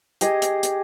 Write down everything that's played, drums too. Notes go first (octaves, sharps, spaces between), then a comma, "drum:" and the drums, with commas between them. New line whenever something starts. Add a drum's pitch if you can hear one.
G4 G#4 D#5 G#5, drum: hi-hat
drum: hi-hat
drum: hi-hat